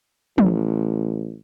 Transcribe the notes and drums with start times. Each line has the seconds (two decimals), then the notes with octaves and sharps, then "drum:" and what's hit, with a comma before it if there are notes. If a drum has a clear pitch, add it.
0.38 A1, drum: tom F3